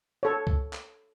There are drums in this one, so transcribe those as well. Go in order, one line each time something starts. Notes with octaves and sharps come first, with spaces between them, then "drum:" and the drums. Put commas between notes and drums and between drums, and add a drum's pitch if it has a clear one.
A4 C#5
drum: kick C2
drum: clap